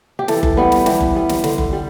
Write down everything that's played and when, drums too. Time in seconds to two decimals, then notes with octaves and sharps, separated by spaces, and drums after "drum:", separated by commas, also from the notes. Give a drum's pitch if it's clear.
0.19 G4
0.28 E3 A4, drum: snare
0.43 drum: kick F#1
0.57 G3 B3
0.72 drum: snare
0.86 E3 G4, drum: snare
1.01 drum: kick F#1
1.15 G3 B3
1.29 drum: snare
1.44 D3, drum: snare
1.58 drum: kick F#1
1.73 G3